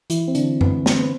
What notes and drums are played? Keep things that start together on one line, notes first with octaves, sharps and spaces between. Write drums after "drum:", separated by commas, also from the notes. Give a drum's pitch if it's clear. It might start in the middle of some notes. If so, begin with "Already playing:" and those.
E3 E4, drum: hi-hat
C4
D3 D4, drum: hi-hat
B3 B4, drum: tom F#2
C4 C5, drum: snare
B3 B4